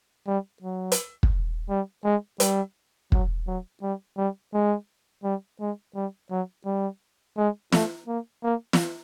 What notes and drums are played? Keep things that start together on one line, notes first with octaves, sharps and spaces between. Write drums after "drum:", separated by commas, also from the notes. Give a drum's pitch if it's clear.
G3
F#3
drum: hi-hat
drum: kick
G3
G#3
G3, drum: hi-hat
F#3, drum: kick
F#3
G3
G3
G#3
G3
G#3
G3
F#3
G3
G#3
A3, drum: snare
A#3
A#3
drum: snare